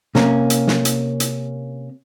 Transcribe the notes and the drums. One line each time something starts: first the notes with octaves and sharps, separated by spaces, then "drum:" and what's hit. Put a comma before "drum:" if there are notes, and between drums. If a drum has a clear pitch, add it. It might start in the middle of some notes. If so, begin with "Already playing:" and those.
C3 A#3 C#4, drum: snare
drum: hi-hat
drum: snare
drum: hi-hat
drum: hi-hat